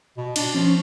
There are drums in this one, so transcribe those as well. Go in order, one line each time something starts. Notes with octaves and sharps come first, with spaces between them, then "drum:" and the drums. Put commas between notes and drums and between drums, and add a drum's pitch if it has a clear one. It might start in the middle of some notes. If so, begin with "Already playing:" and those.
B2
D4, drum: cymbal
F3 C#4